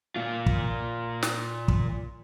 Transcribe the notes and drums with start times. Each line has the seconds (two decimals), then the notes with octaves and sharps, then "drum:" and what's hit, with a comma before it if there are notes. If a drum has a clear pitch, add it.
0.16 A#2 F4
0.46 drum: kick
1.23 drum: snare
1.68 drum: kick